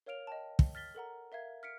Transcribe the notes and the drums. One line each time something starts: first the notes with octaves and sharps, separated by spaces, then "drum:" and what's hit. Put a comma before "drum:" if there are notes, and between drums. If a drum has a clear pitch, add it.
A#4 C#5 F5 F6 D7 F7
D#5 G5 A5
drum: kick
F6 A6 B6 G7
A4 A#4 F#5 A#5
A#4 E5 F5 G#6
F6 B6 C#7 D7